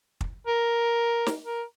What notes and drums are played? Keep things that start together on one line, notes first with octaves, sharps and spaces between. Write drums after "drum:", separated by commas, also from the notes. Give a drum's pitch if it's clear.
drum: kick
A#4
drum: snare
A#4